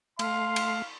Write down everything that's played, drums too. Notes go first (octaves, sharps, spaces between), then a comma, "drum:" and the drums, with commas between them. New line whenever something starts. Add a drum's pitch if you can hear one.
A3 F5 C6, drum: cymbal
drum: cymbal